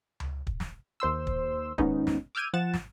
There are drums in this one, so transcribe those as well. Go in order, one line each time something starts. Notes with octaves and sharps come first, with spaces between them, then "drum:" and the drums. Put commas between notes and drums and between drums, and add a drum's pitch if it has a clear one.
drum: tom C#2
drum: kick
drum: snare
D#2 C5 C6 E6
drum: kick
D#2 G#2 B3 C#4 D#4, drum: kick
drum: snare
D6 E6 F6 G6 G#6 D#7
F3 F#5 A6 E7
drum: snare